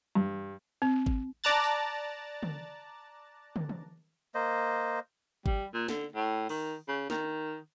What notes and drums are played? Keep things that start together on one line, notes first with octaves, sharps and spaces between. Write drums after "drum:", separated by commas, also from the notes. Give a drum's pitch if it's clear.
G2
C4
drum: kick G#1
D5 A5 A#5 F#6 A6
drum: tambourine
drum: tom
drum: tom
drum: tom
A#3 C5 D#5
G3, drum: kick G#1
A#2
D3, drum: snare
A2
D#3, drum: open hi-hat
C#3
D#3, drum: snare